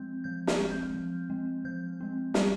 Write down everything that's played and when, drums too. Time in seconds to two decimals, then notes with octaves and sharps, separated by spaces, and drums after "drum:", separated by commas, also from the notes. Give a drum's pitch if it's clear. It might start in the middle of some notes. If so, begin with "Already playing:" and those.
Already playing: F3 G#3 C4 G6
0.24 F3 G6
0.47 F6, drum: snare
0.59 G#3 C4
0.71 G6
0.94 F3
1.30 G#3 C4
1.65 F3 G6
2.00 G#3 C4
2.34 G3 F6, drum: snare